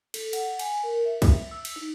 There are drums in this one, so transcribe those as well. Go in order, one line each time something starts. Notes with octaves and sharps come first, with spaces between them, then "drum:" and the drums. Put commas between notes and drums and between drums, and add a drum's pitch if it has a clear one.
A4, drum: cymbal
F#5, drum: cymbal
G#5, drum: cymbal
A#4
E5
drum: kick, cymbal
E6
drum: cymbal
D#4